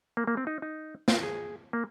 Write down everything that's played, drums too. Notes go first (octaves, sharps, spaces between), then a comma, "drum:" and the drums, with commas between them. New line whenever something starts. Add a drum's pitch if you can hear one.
A#3
A#3
C4
D#4
D#4
F4, drum: snare
G#4
A#3